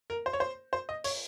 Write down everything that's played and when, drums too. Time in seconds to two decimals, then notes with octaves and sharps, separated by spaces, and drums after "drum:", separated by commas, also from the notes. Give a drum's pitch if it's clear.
0.10 A#4
0.26 C5
0.33 C#5
0.40 C5
0.73 C5
0.89 D#5
1.04 C#5, drum: open hi-hat